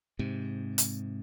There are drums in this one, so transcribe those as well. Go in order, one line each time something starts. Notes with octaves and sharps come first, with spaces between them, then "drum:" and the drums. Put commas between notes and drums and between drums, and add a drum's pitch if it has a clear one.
G#2 C3
drum: hi-hat